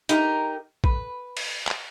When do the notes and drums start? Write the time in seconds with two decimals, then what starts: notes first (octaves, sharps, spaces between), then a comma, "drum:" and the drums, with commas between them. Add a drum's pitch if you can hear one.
0.09 D#4 G4 A#4, drum: hi-hat
0.84 B4, drum: kick
1.37 drum: cymbal
1.67 drum: clap